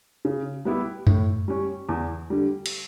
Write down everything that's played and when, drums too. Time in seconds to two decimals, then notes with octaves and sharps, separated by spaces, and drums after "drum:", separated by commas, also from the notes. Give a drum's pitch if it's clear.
0.25 C#3
0.65 G3 B3 E4 G4
1.07 A2, drum: tom F#2
1.48 G3 C#4
1.89 E2
2.30 D3 G3
2.66 drum: cymbal